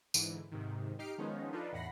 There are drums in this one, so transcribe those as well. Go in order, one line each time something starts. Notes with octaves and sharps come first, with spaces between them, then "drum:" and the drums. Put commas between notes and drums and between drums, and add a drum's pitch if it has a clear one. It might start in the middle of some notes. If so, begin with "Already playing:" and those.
G#2 D3 E3, drum: tambourine
G#2 C3 D#3
D#4 G4 F6 C7 D7
D#3 F3 G#3 B3 C#4 D#4
D4 D#4 F4 A4 B4
E2 A2 F#5 B5 A#6 C7